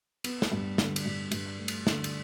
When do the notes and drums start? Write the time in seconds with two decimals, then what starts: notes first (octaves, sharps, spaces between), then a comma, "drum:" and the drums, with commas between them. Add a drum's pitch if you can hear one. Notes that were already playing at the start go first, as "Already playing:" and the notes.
0.24 B3, drum: cymbal
0.42 drum: snare
0.52 G2
0.78 D3, drum: snare
0.96 drum: cymbal
1.06 G2
1.31 G2, drum: cymbal
1.59 A3
1.68 drum: cymbal
1.87 D3, drum: snare
2.04 drum: cymbal